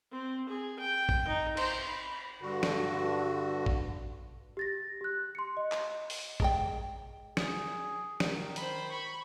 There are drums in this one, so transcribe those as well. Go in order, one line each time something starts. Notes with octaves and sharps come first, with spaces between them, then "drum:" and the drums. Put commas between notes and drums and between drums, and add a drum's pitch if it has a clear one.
C4
G#4
G5
drum: kick A1
D#4
C5, drum: cymbal
B5
G2 D3 F#4
drum: snare
drum: kick A1
G4 A6 A#6
G4 F#6
C6 C#7
D#5
drum: clap
drum: open hi-hat
G#3 A#4 G5, drum: kick A1
G#4, drum: snare
D#3, drum: snare
C5 B5, drum: hi-hat
B5 C#6